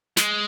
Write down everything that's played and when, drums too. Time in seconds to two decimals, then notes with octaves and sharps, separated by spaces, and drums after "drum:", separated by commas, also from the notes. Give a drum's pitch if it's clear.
0.17 G#3, drum: snare